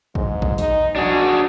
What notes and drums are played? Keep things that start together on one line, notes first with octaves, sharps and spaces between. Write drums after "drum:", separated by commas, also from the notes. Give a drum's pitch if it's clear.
G#2, drum: kick A#1
drum: kick A#1
D#4, drum: open hi-hat
D4 F#4 G#4